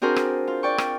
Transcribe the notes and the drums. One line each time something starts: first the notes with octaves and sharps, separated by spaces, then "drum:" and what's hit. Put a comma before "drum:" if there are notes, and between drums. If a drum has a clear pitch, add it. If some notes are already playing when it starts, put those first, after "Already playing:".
C4 D4 F#4 G#4 A#4 C5
drum: rim click
F4
D5 G5 C#6
drum: rim click